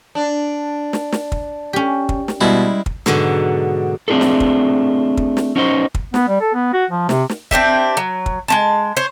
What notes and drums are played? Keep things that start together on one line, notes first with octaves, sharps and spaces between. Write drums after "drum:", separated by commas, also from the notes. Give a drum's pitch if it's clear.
D4
drum: snare
drum: snare
drum: kick
C#4 G4
drum: kick
drum: snare
B2 G3 G#3 E4
drum: kick
G#2 B2 D3 F#3, drum: snare
A3 C4 D4 F4 G#4 A4
drum: snare
drum: kick
drum: kick
drum: snare
C#4 D#4 F#4 C5
drum: kick
B3, drum: snare
G3
A4
B3
F#4
F3
C3, drum: snare
drum: snare
C4 D4 G4 E5, drum: kick
F#3
drum: kick
G#3 C4 A5
C5 C#5